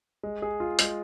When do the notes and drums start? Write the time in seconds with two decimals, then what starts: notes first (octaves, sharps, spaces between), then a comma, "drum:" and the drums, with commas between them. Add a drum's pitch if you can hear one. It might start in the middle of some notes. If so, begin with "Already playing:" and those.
0.23 G#3
0.42 G#4
0.60 F4
0.79 G#3, drum: hi-hat